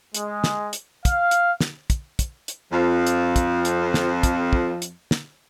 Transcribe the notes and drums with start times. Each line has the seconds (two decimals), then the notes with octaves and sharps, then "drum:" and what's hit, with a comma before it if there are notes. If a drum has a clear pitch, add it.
0.14 G#3, drum: hi-hat
0.44 drum: snare
0.73 drum: hi-hat
1.05 F5, drum: kick, hi-hat
1.31 drum: hi-hat
1.61 drum: snare
1.90 drum: kick, hi-hat
2.19 drum: kick, hi-hat
2.48 drum: hi-hat
2.72 F2 F3
3.07 drum: hi-hat
3.36 drum: kick, hi-hat
3.65 drum: hi-hat
3.94 drum: snare
4.23 drum: kick, hi-hat
4.53 drum: kick
4.82 drum: hi-hat
5.11 drum: snare